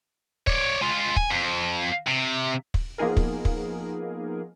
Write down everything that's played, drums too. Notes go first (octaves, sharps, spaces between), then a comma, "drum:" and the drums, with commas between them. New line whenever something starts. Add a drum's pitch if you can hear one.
C#5 D5, drum: kick
G#3 F4
G#5, drum: kick
F2
C3
drum: kick
F3 A#3 B3 D#4 G#4 A#4
drum: kick
drum: kick